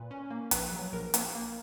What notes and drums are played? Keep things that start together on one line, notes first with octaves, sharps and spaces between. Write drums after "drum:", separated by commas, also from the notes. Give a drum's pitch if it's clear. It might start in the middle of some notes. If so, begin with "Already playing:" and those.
Already playing: A#2 B4
C#4
A#3
A#1 B4, drum: hi-hat
F#3
A#1 A#4
A#3, drum: hi-hat
A#3